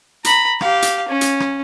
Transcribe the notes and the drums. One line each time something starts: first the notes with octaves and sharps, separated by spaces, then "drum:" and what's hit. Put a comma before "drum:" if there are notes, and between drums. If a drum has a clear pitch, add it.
A#5 B5, drum: hi-hat
G4 F5, drum: rim click
drum: hi-hat
C#4
drum: hi-hat
drum: rim click